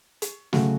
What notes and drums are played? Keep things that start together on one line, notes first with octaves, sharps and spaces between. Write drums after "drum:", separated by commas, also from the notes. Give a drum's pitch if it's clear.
drum: hi-hat
C#3 F#3 A3 F#4, drum: snare